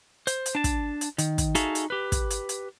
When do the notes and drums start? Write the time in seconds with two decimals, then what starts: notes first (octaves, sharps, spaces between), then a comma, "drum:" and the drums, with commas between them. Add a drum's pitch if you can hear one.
0.27 C5, drum: hi-hat
0.46 drum: hi-hat
0.55 D4 A5
0.64 drum: kick, hi-hat
1.01 drum: hi-hat
1.18 D#3, drum: hi-hat
1.38 drum: kick, hi-hat
1.55 D#4 F#4 G#4 A4 E5 F5, drum: hi-hat
1.75 drum: hi-hat
1.90 G4 B4
2.12 drum: kick, hi-hat
2.30 drum: hi-hat
2.49 drum: hi-hat